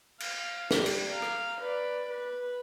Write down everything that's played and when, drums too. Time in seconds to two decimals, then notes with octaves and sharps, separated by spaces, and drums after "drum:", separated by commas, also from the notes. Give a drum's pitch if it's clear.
0.20 F5, drum: cymbal
0.71 G3, drum: snare
0.86 drum: cymbal
1.10 F5 A#5
1.22 drum: rim click
1.61 B4 D5
2.10 B4